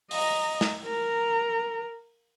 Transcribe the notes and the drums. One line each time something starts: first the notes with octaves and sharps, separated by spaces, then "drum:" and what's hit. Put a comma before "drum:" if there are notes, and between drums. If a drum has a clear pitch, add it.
D#5 A#5, drum: open hi-hat
drum: snare
A#4 A#5